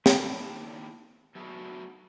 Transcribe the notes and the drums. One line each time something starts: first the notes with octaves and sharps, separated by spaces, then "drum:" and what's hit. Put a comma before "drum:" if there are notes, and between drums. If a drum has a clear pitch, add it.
D#3 A#3 D4 E4 C5 G5, drum: snare
F#3 A3 B3 F#4 G#4